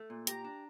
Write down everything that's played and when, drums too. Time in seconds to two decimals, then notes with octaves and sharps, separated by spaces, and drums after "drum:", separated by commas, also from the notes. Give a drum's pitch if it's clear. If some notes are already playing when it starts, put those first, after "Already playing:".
Already playing: A3
0.10 A#2
0.27 G4 A#5, drum: hi-hat
0.44 D4